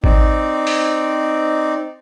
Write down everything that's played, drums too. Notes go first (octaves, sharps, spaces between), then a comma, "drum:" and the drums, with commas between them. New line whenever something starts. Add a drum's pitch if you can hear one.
C4 D#4 D5, drum: kick G#1
drum: open hi-hat